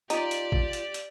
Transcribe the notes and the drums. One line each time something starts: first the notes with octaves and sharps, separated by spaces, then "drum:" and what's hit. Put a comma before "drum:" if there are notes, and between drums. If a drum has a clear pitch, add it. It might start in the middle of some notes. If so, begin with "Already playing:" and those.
D#4 F4 G4 D5, drum: hi-hat
drum: hi-hat
drum: kick G#1
drum: hi-hat
drum: hi-hat